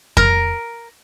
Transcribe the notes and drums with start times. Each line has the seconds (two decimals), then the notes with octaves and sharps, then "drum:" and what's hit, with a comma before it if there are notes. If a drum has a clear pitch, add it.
0.17 A#4, drum: kick F2